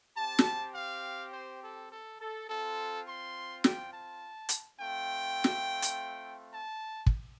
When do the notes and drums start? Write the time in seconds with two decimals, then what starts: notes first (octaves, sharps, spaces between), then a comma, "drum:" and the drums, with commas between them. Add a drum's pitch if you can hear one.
0.17 C4 G4 A5
0.39 drum: snare
0.75 F5
1.33 C5
1.62 A4
1.91 A4
2.20 A4
2.48 C4 F4 A4
3.07 C6
3.64 G5, drum: snare
3.92 A5
4.49 drum: hi-hat
4.80 A3 C4 F4 G5
5.44 drum: snare
5.82 drum: hi-hat
6.53 A5
7.06 drum: kick